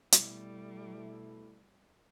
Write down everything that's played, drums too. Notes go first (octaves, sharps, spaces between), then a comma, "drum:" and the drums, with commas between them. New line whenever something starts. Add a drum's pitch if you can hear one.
B2 G3 A3 E4, drum: hi-hat